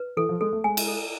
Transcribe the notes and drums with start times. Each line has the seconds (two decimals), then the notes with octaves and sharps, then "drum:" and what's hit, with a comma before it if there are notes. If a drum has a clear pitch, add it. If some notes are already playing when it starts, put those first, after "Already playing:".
Already playing: B4
0.17 E3 A4
0.29 F3
0.41 G#3 A4
0.53 A3
0.64 G#3 G#5
0.77 drum: cymbal
0.88 A4